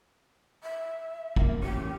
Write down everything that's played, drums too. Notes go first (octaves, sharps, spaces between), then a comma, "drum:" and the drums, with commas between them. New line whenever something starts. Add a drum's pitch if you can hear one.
E5
A#3, drum: kick
E2 A2 C#4 G4